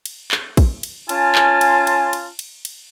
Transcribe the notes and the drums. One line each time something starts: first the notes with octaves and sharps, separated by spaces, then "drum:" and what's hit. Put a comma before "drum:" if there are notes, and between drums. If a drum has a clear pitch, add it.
drum: cymbal
drum: clap
drum: kick, cymbal
drum: cymbal
C#4 F4 G#5 A5, drum: cymbal
drum: clap
drum: cymbal
drum: cymbal
drum: cymbal
drum: cymbal
drum: cymbal